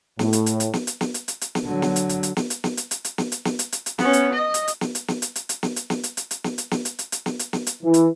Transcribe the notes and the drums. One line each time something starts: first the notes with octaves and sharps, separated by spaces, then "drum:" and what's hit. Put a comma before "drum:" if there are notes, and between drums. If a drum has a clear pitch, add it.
A2, drum: snare
drum: hi-hat
drum: hi-hat
drum: hi-hat
drum: snare
drum: hi-hat
drum: snare
drum: hi-hat
drum: hi-hat
drum: hi-hat
drum: snare
D3 F#3
drum: snare
drum: hi-hat
drum: hi-hat
drum: hi-hat
drum: snare
drum: hi-hat
drum: snare
drum: hi-hat
drum: hi-hat
drum: hi-hat
drum: snare
drum: hi-hat
drum: snare
drum: hi-hat
drum: hi-hat
drum: hi-hat
B3 C#4, drum: snare
drum: hi-hat
D#5
drum: hi-hat
drum: hi-hat
drum: snare
drum: hi-hat
drum: snare
drum: hi-hat
drum: hi-hat
drum: hi-hat
drum: snare
drum: hi-hat
drum: snare
drum: hi-hat
drum: hi-hat
drum: hi-hat
drum: snare
drum: hi-hat
drum: snare
drum: hi-hat
drum: hi-hat
drum: hi-hat
drum: snare
drum: hi-hat
drum: snare
drum: hi-hat
E3
drum: hi-hat